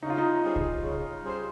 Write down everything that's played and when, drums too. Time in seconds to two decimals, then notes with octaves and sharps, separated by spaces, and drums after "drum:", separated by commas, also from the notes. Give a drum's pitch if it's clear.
0.03 C#3 D#4
0.10 F4
0.18 D#4
0.42 G3 C#4 G#4 C5
0.56 drum: kick C2
0.83 C#3
1.23 G3 C#4 G#4 C5